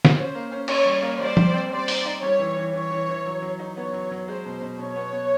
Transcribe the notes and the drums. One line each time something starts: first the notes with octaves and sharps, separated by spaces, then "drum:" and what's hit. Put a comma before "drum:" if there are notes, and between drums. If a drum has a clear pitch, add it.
drum: snare
C#4 C5
A#3
C#4
C#4 C#5, drum: cymbal
G3
A#3
G3 C5 D5
G3, drum: tom F3
C4
G3 C5 D5
D#4, drum: open hi-hat
D#4
G3 C#5
E3
E3
E3 C#5
E3
E3
F#3
F#3
D#4
B3 C#5
F#3
F#3
G#3 C5
B2
B2
B2 C#5
B3
B3